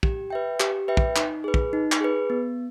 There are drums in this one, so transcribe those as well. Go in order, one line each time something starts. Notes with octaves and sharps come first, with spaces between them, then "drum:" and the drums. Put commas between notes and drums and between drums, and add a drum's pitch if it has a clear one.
G4, drum: kick
B4 E5 G5
G4, drum: clap
B4 E5 G5
drum: kick
D#4, drum: clap
G#4 B4
drum: kick
D#4
drum: clap
G#4 B4
B3